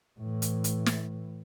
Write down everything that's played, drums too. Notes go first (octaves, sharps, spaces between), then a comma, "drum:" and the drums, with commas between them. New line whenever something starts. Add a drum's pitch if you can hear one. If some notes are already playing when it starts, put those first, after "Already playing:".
A2 E3
drum: hi-hat
drum: hi-hat
drum: snare